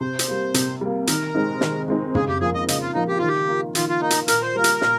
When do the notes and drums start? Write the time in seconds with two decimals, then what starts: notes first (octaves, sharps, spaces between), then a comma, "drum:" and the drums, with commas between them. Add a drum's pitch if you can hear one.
0.01 C3 C5
0.19 drum: hi-hat
0.28 G3 A#3
0.54 C3, drum: hi-hat
0.81 G3 A#3
1.07 D#3 A#4, drum: hi-hat
1.35 G#3 C4 D#4
1.61 D#3, drum: snare
1.88 G#3 C4 D#4
2.15 C#3 G#4, drum: tom
2.29 G4
2.41 F3 A#3 G#4
2.55 D#5
2.68 C#3 D#5, drum: hi-hat
2.82 F4
2.94 F3 A#3 D#4
3.08 G4
3.18 D#3 F4
3.28 G4
3.48 A#3 F4
3.75 D#3 F4, drum: hi-hat
3.89 F4
4.01 A#3 D#4 F4
4.10 drum: hi-hat
4.28 A#2 A#4, drum: hi-hat
4.42 C5
4.55 G3 A#3 F4 A#4
4.64 drum: hi-hat
4.81 A#2, drum: snare